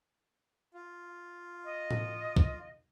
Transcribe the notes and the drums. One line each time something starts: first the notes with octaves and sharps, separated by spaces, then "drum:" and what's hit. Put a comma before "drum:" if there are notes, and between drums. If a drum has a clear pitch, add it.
F4
D#5
drum: tom A2
drum: kick